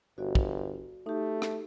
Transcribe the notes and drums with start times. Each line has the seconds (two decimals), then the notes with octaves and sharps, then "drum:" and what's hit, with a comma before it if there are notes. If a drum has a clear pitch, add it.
0.18 G1 F#4 D5
0.35 drum: kick
1.06 A3 D#4 G4
1.42 drum: rim click